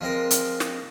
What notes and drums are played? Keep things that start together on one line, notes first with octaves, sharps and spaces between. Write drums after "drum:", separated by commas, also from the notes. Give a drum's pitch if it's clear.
F3 G#3 C4 A#4
drum: hi-hat
drum: snare